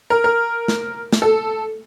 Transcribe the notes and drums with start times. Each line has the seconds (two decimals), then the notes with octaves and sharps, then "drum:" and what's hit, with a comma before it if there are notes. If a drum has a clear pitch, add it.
0.10 A#4
0.24 A#4
0.68 drum: snare
1.13 drum: snare
1.22 A4